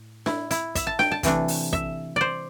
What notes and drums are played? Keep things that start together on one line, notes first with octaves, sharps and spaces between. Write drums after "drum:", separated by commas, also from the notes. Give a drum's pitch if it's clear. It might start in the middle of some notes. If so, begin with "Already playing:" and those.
Already playing: A2
E4, drum: snare D4
E4, drum: hi-hat
E5, drum: kick, hi-hat
A5
G5, drum: snare D4
A5
C3 E3 A3 D4, drum: kick, hi-hat
drum: open hi-hat
E5, drum: kick
C5 D5